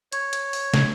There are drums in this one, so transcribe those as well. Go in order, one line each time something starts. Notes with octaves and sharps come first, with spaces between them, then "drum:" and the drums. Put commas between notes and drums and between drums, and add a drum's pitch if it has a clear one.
C#5, drum: hi-hat
drum: hi-hat
drum: open hi-hat
drum: snare